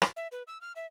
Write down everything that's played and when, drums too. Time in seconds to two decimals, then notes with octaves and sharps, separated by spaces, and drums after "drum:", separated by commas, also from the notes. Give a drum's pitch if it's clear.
0.02 drum: rim click
0.16 E5
0.32 B4
0.47 E6
0.61 F6
0.76 E5